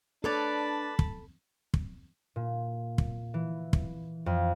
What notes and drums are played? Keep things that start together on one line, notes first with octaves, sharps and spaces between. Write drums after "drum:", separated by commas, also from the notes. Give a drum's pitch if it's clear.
D4 A4 B4 C#5 D5 A5 B5
drum: kick
drum: kick
A#2
drum: kick
E3
drum: kick
F2